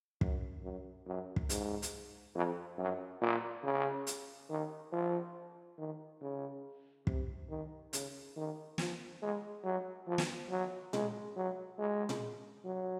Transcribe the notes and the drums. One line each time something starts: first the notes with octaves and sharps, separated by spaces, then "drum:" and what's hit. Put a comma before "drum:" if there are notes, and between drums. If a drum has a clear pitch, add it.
F#2, drum: kick
F#2
F#2
drum: kick
G#2, drum: hi-hat
drum: hi-hat
F2
F#2
A#2
C#3
drum: hi-hat
D#3
F3
D#3
C#3
C3, drum: kick
D#3
C#3, drum: hi-hat
D#3
F3, drum: snare
G#3
F#3
F3
drum: snare
F#3
G#3, drum: tom A#2
F#3
G#3
drum: tom A#2
F#3